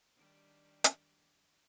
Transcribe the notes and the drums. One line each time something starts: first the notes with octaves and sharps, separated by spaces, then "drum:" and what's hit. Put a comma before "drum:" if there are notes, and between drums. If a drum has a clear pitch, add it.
D#3 G3 D4
drum: hi-hat